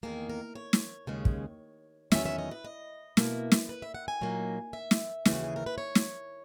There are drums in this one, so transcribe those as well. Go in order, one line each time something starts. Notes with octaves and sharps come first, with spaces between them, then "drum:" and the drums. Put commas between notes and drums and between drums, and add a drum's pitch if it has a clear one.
E2 D#3 A#3 G#4
A#4
C#5
drum: snare
D#2 C#3 G#3 C#4
drum: kick
E2 D#3 F#3 C#4 E5, drum: snare
E5
D#5
B4
D#5
B2 A#3 E4, drum: snare
drum: snare
B4
E5
F#5
G#5
A#2 F#3 A#3 D#4
E5
drum: snare
D#2 C#3 E3, drum: snare
F#4
G#4
A#4
B4
C#5
drum: snare